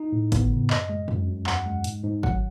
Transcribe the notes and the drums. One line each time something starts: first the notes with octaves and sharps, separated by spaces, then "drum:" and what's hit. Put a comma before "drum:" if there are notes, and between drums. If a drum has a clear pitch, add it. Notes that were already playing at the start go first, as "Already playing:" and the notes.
Already playing: D#4
A2
B3, drum: kick G#1, hi-hat
C#3
F#2 D#5, drum: clap
G#3
F#2, drum: tom
F#2
E2 F#5, drum: clap
G#3
G#2, drum: hi-hat
G#2
F#3 F#5, drum: kick G#1